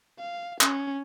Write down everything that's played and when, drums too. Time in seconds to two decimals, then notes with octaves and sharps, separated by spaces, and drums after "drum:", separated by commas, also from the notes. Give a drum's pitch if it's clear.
0.19 F5
0.61 C#4, drum: clap